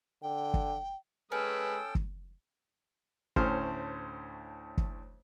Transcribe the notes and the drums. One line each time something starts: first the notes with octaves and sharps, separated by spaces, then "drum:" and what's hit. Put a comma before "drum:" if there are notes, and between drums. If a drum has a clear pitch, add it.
D3 G5
drum: kick
G#3 C#4 A4 B4 G5 D#6 E6
drum: kick
D2 A2 C#4 C5 F6, drum: kick
drum: kick